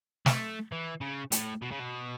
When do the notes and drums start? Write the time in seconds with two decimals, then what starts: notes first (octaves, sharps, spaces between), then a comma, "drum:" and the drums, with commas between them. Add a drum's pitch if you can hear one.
0.26 A3, drum: snare
0.72 E3
1.01 C#3
1.32 A2, drum: hi-hat
1.62 B2
1.71 C#3
1.80 B2